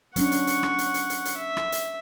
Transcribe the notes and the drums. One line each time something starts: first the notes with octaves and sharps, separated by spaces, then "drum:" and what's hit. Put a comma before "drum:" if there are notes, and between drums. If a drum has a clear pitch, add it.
F#3 C#4 D4 F#5 C#6, drum: hi-hat
drum: hi-hat
drum: hi-hat
drum: rim click
drum: hi-hat
drum: hi-hat
drum: hi-hat
drum: hi-hat
E5
drum: rim click
drum: hi-hat